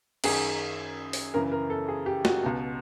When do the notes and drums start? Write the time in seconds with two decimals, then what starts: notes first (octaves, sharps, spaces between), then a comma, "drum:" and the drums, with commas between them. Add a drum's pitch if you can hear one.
0.24 F#2 D#3 G#4, drum: cymbal
1.13 drum: open hi-hat
1.34 F#2 C#3 E3 A#4
1.52 A#4
1.70 A4
1.88 G#4
2.06 G4
2.25 F#4, drum: snare
2.43 C#2 B2